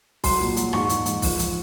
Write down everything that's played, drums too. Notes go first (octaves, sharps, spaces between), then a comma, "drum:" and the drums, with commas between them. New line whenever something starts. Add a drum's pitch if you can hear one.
F#3 C6, drum: kick B1, open hi-hat
A#2
F#3, drum: hi-hat
G#2 C#6, drum: rim click
G#2, drum: hi-hat
G#2, drum: hi-hat
F3, drum: kick B1, open hi-hat
F3, drum: hi-hat